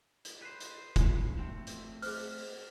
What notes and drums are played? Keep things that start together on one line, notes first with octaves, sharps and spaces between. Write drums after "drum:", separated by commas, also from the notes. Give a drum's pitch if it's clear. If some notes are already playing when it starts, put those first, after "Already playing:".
drum: hi-hat
B4 C5
drum: hi-hat
drum: kick F1, hi-hat
A3 C4
drum: hi-hat
G#4 C5 F6, drum: open hi-hat
drum: open hi-hat